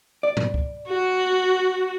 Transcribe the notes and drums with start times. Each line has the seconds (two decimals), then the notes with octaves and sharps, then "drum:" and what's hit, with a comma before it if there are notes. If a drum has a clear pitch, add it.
0.23 D5
0.37 drum: tom G#2
0.54 drum: kick
0.88 F#4